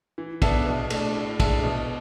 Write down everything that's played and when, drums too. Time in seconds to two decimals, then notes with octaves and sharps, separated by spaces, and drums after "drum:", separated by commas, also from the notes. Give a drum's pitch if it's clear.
0.18 E3
0.42 B3 D4 A4 E5, drum: kick, cymbal
0.66 B2
0.90 A3 D4, drum: cymbal
1.15 A2
1.40 G#3 D4 A4 E5, drum: kick, cymbal
1.63 B2